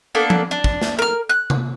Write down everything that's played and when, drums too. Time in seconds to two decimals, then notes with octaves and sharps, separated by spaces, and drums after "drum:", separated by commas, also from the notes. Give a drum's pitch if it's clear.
0.15 A#3 B3 D4 A4
0.30 drum: tom F3
0.51 D4
0.64 drum: kick
0.81 drum: snare
0.99 A#4 F6
1.29 F#6
1.50 drum: tom C3